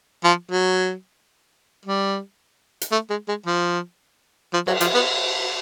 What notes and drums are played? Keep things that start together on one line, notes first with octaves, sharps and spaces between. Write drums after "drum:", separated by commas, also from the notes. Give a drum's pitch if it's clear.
F3
F#3
G3
drum: hi-hat
A3
G#3
G#3
F3
F3
F#3, drum: cymbal
F3, drum: hi-hat
B3